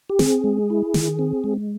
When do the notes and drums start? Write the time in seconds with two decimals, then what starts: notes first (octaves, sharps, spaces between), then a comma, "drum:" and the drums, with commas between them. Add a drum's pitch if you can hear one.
0.10 G4
0.19 C4 G#4, drum: snare
0.44 G#3
0.70 E4
0.94 D#3, drum: snare
1.19 C4
1.44 G#3